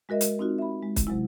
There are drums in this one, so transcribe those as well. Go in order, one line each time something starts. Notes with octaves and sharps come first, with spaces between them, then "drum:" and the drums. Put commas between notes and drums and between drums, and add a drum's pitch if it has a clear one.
G#3 F#4 A#4 D#5 E5
drum: hi-hat
C4 D#4 F4 F#4
E5 B5
G#3
drum: kick, hi-hat
C3 F#3 G#3 E4